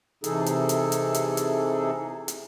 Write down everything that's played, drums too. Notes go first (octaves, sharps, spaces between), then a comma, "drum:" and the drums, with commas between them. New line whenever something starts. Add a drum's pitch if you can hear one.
C3 E3 D#4 G#4 A4, drum: hi-hat
drum: hi-hat
drum: hi-hat
drum: hi-hat
drum: hi-hat
drum: hi-hat
drum: hi-hat